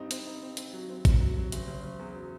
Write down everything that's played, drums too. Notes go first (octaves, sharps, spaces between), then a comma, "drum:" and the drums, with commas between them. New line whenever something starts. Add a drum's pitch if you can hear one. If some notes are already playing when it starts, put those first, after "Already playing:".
Already playing: G2 C4 D#4
C4, drum: hi-hat
D#4
C4
C4, drum: hi-hat
F#3
C4
C4, drum: kick A1, hi-hat
F#3
F#3
F#1, drum: hi-hat
F#1
F#1
E2
F#3